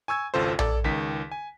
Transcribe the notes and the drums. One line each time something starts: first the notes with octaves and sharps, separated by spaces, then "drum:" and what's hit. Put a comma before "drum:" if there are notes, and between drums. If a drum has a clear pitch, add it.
G#5 C#6 E6 G#6
G#1 C#2 F4 A4 C5
A4 D5, drum: tom A#1
C#2 D#3 B6
G#5